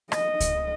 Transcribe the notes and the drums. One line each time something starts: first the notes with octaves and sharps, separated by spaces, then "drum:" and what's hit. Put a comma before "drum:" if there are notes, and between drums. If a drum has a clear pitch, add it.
D#5, drum: rim click
drum: kick C#2, hi-hat